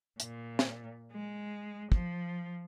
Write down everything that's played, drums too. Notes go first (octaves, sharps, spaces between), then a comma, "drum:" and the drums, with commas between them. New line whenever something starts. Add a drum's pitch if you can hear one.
A#2, drum: hi-hat
drum: snare
G#3
F3, drum: kick